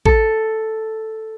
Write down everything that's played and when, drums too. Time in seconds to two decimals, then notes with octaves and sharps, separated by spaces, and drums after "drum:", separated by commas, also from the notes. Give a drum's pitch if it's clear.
0.06 A4, drum: kick